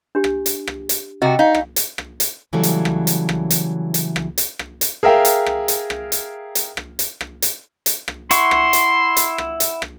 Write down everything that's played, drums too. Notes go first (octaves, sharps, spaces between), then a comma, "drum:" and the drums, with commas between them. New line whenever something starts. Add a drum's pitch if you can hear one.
D4 G4
drum: rim click
drum: hi-hat
drum: rim click
drum: hi-hat
C3 F#4 D#5 G5
D#4 F5
drum: rim click
drum: hi-hat
drum: rim click
drum: hi-hat
C#3 E3 F#3 G3 A3
drum: hi-hat
drum: rim click
drum: hi-hat
drum: rim click
drum: hi-hat
drum: hi-hat
drum: rim click
drum: hi-hat
drum: rim click
drum: hi-hat
G#4 A#4 E5 F5 G5
drum: hi-hat
drum: rim click
drum: hi-hat
drum: rim click
drum: hi-hat
drum: hi-hat
drum: rim click
drum: hi-hat
drum: rim click
drum: hi-hat
drum: hi-hat
drum: rim click
E4 F#5 C6 C#6, drum: hi-hat
drum: rim click
drum: hi-hat
drum: hi-hat
drum: rim click
drum: hi-hat
drum: rim click